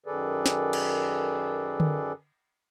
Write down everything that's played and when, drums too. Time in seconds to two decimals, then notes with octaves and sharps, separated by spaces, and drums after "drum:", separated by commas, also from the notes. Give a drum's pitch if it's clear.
0.06 F#2 D#3 G#4 A4 B4 D5
0.46 drum: snare
0.73 drum: cymbal
1.80 drum: tom D3